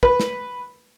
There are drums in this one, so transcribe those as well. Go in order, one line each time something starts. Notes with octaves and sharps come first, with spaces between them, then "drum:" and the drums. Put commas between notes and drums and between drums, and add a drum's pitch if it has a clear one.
B4, drum: kick
drum: snare